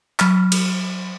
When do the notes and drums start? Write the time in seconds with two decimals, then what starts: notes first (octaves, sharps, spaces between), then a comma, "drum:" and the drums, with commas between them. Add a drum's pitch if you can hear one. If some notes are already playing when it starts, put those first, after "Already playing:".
0.19 F#3 F6, drum: clap
0.52 drum: cymbal